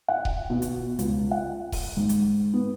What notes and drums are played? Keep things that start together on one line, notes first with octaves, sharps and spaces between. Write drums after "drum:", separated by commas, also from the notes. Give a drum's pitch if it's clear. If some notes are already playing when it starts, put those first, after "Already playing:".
F#5
drum: kick D#1
B2
drum: hi-hat
C#2, drum: hi-hat
F#5
drum: kick D#1, open hi-hat
G#2
drum: hi-hat
B3